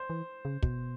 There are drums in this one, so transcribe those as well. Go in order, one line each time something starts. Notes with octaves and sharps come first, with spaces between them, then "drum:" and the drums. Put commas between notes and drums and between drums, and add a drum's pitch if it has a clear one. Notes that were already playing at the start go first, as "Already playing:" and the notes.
Already playing: C5
E3
C#3
B2, drum: kick